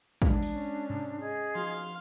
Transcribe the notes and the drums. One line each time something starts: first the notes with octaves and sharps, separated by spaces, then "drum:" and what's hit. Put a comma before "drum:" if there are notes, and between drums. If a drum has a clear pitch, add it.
G#3 D4, drum: kick
drum: open hi-hat
C#4
G#2 C3
G#4 D#5
F3 D#4 F#4 F5 C6